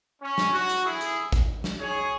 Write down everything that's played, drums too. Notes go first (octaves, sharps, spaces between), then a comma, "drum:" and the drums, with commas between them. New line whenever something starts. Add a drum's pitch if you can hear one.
C#4
drum: snare
F#4
drum: hi-hat
E4 G#4
drum: hi-hat
drum: kick G#1, hi-hat
drum: snare
G#4 C#5